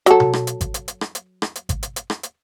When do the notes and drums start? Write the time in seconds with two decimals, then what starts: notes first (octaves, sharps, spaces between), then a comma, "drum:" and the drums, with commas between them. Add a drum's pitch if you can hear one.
0.06 F#3 A4, drum: hi-hat
0.20 drum: tom B2
0.33 drum: rim click
0.47 drum: hi-hat
0.61 drum: kick G#1, hi-hat
0.74 drum: hi-hat
0.88 drum: hi-hat
1.01 drum: rim click
1.15 drum: hi-hat
1.42 drum: rim click
1.55 drum: hi-hat
1.69 drum: kick G#1, hi-hat
1.83 drum: hi-hat
1.96 drum: hi-hat
2.10 drum: rim click
2.23 drum: hi-hat